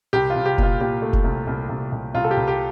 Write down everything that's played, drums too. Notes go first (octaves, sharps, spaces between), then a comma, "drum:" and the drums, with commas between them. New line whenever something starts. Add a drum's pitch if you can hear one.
C2 G4
F4
C2
G4
A#2 F4, drum: kick F1
A#2 G4
A3
drum: kick F1
C2
C2
C2
C2
C2 F4
A4
G4
C2
G4